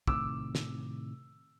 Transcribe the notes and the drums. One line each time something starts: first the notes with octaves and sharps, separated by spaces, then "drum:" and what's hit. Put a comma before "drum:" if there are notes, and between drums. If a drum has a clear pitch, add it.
A2 C3 D#3 D6 E6, drum: kick
drum: snare